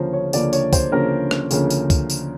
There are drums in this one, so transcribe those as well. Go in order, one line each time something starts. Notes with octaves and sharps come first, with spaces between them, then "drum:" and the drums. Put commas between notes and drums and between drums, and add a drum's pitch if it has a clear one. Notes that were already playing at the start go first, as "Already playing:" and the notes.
Already playing: D2 C#3 F3 A#3 C#4 A#4 C5
C#5
D2 C#3 F3 A#3 C#4 D5, drum: tambourine
C#5, drum: tambourine
C5, drum: kick, tambourine
D2 C#3 F3 A#3 C#4 A#4
drum: rim click
D2 C#3 F3 A#3 C#4, drum: tambourine
drum: tambourine
drum: kick, tambourine
drum: tambourine